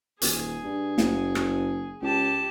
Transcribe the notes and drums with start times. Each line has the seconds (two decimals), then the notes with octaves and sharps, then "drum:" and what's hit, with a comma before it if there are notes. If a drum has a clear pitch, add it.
0.22 D#1 G#4, drum: hi-hat
0.64 G2
0.98 F#1, drum: snare
1.35 drum: rim click
2.02 C#2 G4 A5